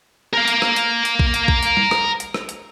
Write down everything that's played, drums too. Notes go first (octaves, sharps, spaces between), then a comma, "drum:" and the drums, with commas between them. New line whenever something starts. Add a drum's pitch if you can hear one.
A#4 F5
drum: hi-hat
drum: rim click
drum: hi-hat
drum: hi-hat
drum: kick A#1
drum: hi-hat
drum: kick A#1
drum: hi-hat
drum: tom G3
drum: rim click
drum: hi-hat
drum: rim click
drum: hi-hat